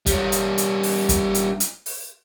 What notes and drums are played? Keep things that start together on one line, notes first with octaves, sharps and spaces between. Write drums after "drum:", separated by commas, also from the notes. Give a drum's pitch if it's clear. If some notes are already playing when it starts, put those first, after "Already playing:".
G3 C#4, drum: kick, hi-hat
drum: hi-hat
drum: hi-hat
drum: open hi-hat
drum: kick, hi-hat
drum: hi-hat
drum: hi-hat
drum: open hi-hat